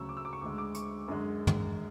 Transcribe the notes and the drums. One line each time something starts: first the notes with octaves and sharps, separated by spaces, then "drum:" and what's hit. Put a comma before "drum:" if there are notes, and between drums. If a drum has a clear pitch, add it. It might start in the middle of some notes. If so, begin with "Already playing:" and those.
Already playing: D2 C#3 F#3 C#6 E6
D6
E6
D6
C#6
D2 D3 G#3 D6
D6
C#6, drum: hi-hat
F#2 D3 G#3
drum: tom